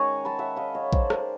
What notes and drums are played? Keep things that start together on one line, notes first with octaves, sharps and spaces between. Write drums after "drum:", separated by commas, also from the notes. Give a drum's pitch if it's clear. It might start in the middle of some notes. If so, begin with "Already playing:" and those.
Already playing: D#3 G#3 C#4 F#5 G#5 A#5 C#6
A5 B5
E5 F#5
D#5 F5
C#5 D#5
C5 D5, drum: kick A#1
A#4 C5, drum: rim click